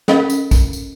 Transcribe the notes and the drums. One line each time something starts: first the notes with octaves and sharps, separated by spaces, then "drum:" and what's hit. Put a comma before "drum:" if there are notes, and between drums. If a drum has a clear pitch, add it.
C#4 A4 A#4 D#5 F5 B5, drum: snare
drum: tambourine
drum: kick, tambourine
drum: tambourine